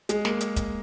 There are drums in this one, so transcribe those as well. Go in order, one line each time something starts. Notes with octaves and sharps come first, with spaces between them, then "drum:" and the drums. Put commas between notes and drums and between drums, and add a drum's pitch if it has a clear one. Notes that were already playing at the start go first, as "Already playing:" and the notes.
G#3, drum: hi-hat
A#3, drum: snare
drum: hi-hat
drum: kick, hi-hat